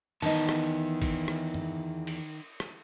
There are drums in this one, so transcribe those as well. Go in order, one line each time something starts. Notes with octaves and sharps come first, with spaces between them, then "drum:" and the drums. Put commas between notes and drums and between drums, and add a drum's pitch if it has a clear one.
E2 D#3 B3 D#4 A5
drum: rim click
drum: kick, cymbal
drum: rim click
drum: tom
drum: cymbal
drum: rim click